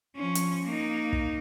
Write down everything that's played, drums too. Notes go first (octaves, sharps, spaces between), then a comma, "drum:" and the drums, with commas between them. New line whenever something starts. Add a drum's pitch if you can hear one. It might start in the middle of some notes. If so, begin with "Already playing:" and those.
F3 C#4
drum: hi-hat
A#3 D#4
drum: kick